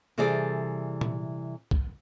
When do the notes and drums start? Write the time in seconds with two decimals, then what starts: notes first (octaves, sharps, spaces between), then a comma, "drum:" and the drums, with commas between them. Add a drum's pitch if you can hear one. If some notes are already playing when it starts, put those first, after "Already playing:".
0.18 C3 E3 G3 G#4 A4 D5
1.01 drum: tom A#2
1.71 drum: kick